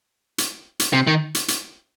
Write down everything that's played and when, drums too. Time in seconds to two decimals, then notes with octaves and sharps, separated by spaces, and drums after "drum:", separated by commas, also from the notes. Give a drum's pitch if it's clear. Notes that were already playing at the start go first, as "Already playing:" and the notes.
0.38 drum: hi-hat
0.80 drum: hi-hat
0.93 C3
1.07 D#3
1.35 drum: hi-hat
1.48 drum: hi-hat